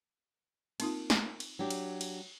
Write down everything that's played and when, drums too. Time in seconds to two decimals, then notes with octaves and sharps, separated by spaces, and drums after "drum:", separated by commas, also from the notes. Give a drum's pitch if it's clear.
0.80 A#3 C4 D#4 F4, drum: cymbal
1.10 drum: snare
1.40 drum: cymbal
1.59 F#3 D4 G4
1.71 drum: cymbal
2.01 drum: cymbal